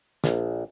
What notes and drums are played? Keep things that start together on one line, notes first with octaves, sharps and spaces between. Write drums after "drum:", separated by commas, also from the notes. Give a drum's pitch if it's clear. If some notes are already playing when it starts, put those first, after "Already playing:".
A#1, drum: snare